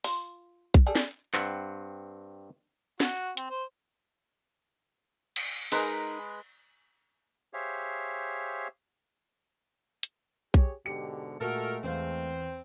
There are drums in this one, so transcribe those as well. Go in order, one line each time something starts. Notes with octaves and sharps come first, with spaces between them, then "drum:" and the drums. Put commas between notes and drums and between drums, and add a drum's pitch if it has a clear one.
F4, drum: open hi-hat
drum: kick B1
G3 G#4 A4
drum: snare
G2 C4 F#5, drum: clap
F#4, drum: snare
C4, drum: hi-hat
C5
drum: cymbal
G#3 D#4 G#4 A#4 B4, drum: open hi-hat
G4 G#4 C5 C#5 E5 F5
drum: hi-hat
G4 G#4 C#5, drum: kick B1
G#2 B2 D3 G4 C#7
A#2 G#3 A3 F#4 A4 A#4
E2 C4 F5